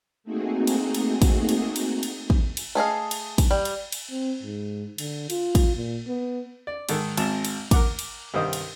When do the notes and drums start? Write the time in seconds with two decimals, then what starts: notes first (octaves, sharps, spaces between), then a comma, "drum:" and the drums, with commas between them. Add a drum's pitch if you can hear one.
0.24 A3 A#3 C4 D#4 F#4 G#4
0.67 drum: cymbal
0.94 drum: cymbal
1.22 drum: kick, cymbal
1.49 drum: cymbal
1.76 drum: cymbal
2.03 drum: cymbal
2.30 drum: kick
2.57 drum: cymbal
2.75 A3 G#4 D#5 F5
3.11 drum: cymbal
3.38 drum: kick, cymbal
3.51 G3
3.65 drum: cymbal
3.92 drum: cymbal
4.11 C4
4.43 G#2
4.98 D3, drum: cymbal
5.30 F4, drum: cymbal
5.55 drum: kick, cymbal
5.76 A#2
6.07 B3
6.67 D5
6.89 G#2 D#3 A4, drum: cymbal
7.17 G#1 C4 A5, drum: cymbal
7.45 drum: cymbal
7.71 A#4 F#5 D6, drum: kick, cymbal
7.99 drum: cymbal
8.34 C2 G2 D#3 C5 D#5 D#6
8.53 drum: cymbal